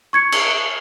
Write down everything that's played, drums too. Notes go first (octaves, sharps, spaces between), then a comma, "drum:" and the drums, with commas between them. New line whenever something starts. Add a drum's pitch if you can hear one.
C#6 G#6 C#7
drum: cymbal